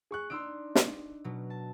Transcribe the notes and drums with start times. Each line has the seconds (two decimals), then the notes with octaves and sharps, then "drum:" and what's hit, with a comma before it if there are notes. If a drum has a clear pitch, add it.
0.11 G#4 C#6 F#6
0.30 D4 D#4 C6 E6 D7
0.75 drum: snare
1.24 B2 F#3
1.50 A5